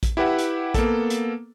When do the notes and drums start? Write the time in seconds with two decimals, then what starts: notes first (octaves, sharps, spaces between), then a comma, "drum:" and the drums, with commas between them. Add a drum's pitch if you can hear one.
0.03 drum: kick A#1, hi-hat
0.17 E4 G4 B4 E5 F#5
0.39 drum: hi-hat
0.74 A#3 B3 A4, drum: kick A#1, hi-hat
1.10 drum: hi-hat